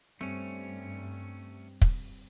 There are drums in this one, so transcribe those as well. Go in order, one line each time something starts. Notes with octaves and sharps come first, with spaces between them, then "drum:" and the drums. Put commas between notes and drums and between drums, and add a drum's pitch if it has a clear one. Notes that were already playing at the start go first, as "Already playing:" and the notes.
G2 G3 A3 C4 C#4
drum: kick